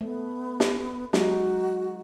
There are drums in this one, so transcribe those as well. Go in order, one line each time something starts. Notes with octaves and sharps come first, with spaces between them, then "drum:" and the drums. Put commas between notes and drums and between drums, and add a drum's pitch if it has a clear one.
A3 B3
drum: snare
F#3 G#3 D#4 F#4, drum: snare